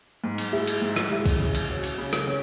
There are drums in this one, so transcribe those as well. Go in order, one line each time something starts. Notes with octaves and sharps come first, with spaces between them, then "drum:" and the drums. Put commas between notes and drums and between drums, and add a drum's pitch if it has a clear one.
G#2
drum: cymbal
G#3 E4
drum: cymbal
G#2
drum: rim click
G#3 E4
drum: kick C2, cymbal
C#3
drum: cymbal
F#3 C#4
drum: cymbal
C#3
drum: rim click
C#4